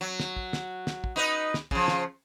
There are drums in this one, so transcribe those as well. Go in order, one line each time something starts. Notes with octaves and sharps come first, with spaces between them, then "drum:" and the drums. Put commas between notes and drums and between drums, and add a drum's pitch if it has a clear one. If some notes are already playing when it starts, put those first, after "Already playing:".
F#3
drum: snare
drum: kick
drum: snare
drum: snare
drum: kick
D#4 B4 D#5
drum: snare
C#3 F3, drum: kick
drum: snare